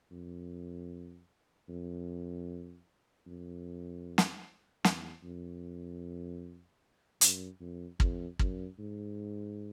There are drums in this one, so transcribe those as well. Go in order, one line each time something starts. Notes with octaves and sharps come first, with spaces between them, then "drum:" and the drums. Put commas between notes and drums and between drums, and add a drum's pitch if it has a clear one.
F2
F2
F2
drum: snare
E2, drum: snare
F2
F#2, drum: hi-hat
F2
F2, drum: kick
F#2, drum: kick
G#2